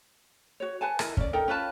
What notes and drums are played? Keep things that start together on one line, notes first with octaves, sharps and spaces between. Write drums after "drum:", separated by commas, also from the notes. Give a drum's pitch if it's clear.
F#4 C#5
B4 F#5 G#5 A5
E4 A#4 D#5, drum: rim click
C#4 D5, drum: kick
D#4 A4 A#4 G5
C#4 F4 B4 A5